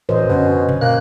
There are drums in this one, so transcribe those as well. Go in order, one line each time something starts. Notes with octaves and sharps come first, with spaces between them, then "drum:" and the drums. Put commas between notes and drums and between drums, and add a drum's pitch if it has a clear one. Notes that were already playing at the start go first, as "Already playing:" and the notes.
F#2 A2 E3 C5 D#5
F#2 B2 D3 C#4
drum: tom A#2
A#3 F#6